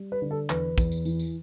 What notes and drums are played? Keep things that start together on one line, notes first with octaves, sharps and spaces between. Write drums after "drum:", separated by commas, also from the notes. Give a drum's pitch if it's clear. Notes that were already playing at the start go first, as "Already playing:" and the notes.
Already playing: G3
B4
D3
A4
E2 B4, drum: clap
E2, drum: kick, tambourine
drum: tambourine
E3, drum: tambourine
drum: tambourine